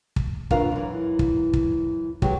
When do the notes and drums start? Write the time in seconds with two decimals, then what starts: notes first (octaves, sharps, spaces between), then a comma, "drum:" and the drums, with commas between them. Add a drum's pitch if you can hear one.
0.16 drum: kick
0.51 D#2 B2 D4 F4 A#4 F5, drum: kick
0.72 F#2 E3
1.19 drum: kick
1.53 drum: kick
2.22 F#3 G#3 B3 G4, drum: kick